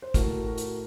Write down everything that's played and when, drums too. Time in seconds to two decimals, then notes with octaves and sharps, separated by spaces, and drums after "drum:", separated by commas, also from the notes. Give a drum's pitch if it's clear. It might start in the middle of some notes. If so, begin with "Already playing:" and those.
0.02 C5
0.14 A2 A3 F#4 A#4, drum: kick, hi-hat
0.46 F#4 A#4
0.57 drum: hi-hat